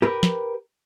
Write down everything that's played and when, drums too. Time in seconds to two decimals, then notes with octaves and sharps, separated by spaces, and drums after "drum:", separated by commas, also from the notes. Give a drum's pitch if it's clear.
0.02 G4 A#4 B4
0.23 drum: snare